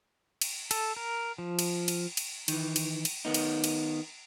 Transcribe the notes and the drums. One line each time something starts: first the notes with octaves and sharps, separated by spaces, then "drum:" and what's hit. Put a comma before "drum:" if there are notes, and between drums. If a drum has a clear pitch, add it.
drum: cymbal
A4, drum: cymbal
A#4
F3
drum: cymbal
drum: cymbal
drum: cymbal
D#3 E3, drum: cymbal
drum: cymbal
drum: cymbal
D#3 B3 D#4
drum: cymbal
drum: cymbal